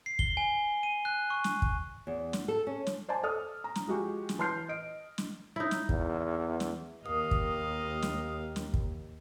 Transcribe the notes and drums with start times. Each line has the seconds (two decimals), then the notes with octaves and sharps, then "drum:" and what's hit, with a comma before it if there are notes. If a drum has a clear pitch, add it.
0.06 C7
0.19 G7, drum: kick
0.37 G#5
0.83 D#7
1.05 F#6
1.30 C#6
1.44 drum: snare
1.62 drum: kick
2.07 E2
2.33 drum: snare
2.48 A4
2.67 C#4
2.87 drum: snare
3.08 C5 D5 G#5 A5
3.23 A4 D5 D#6 F6
3.64 A#5
3.75 drum: snare
3.87 F3 G#3 F#4 G4
4.29 drum: snare
4.39 E3 A5 C6 F6 G6 C7
4.69 D#5 D7
5.18 drum: snare
5.56 D#4 E4
5.71 drum: snare
5.89 E2, drum: kick
6.60 drum: snare
7.06 D#2 G4 A#4 D#5 F5 D#6
7.31 drum: kick
8.02 drum: snare
8.56 drum: snare
8.74 drum: kick